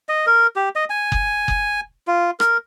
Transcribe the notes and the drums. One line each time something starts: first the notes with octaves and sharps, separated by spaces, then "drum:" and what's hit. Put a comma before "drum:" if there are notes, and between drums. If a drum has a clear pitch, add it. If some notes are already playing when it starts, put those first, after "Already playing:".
D#5
A#4
G4
D#5
G#5
drum: kick F#1
drum: kick F#1
F4
A#4, drum: rim click